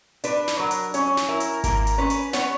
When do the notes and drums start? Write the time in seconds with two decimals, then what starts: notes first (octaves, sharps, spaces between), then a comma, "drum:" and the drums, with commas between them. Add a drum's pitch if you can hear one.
0.24 D4 B4, drum: hi-hat
0.48 drum: snare
0.59 F#3 A#4
0.71 drum: hi-hat
0.94 C#4 C#5, drum: hi-hat
1.17 drum: snare
1.28 E4 A#4
1.40 drum: hi-hat
1.64 A#3 A#4, drum: kick G#1, hi-hat
1.87 drum: hi-hat
1.98 C#4 B4
2.10 drum: hi-hat
2.33 B3 C#5, drum: snare